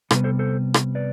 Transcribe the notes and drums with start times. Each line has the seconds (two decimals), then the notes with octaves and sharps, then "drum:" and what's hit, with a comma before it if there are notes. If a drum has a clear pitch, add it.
0.11 C3 G3 B3 B4, drum: rim click
0.24 A4 C5
0.39 A4 C5
0.74 drum: rim click
0.95 B4 D5